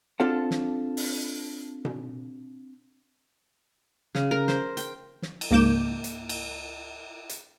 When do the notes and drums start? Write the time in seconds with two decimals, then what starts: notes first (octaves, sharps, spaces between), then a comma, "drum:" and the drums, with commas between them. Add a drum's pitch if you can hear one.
0.20 C4 D4 F4 A4 F#5
0.51 drum: snare
0.97 drum: open hi-hat
1.85 drum: tom B2
4.15 C#3, drum: snare
4.31 A#4
4.48 C5, drum: snare
4.77 G5, drum: hi-hat
5.22 drum: snare
5.41 drum: cymbal
5.51 C#2 G#2 A#3 D6 G6 E7
6.04 drum: hi-hat
6.29 drum: cymbal
7.29 drum: hi-hat